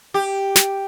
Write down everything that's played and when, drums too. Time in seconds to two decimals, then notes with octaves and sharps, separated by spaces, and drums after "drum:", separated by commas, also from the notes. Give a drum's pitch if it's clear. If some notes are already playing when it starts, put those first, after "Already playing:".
0.14 G4
0.56 drum: snare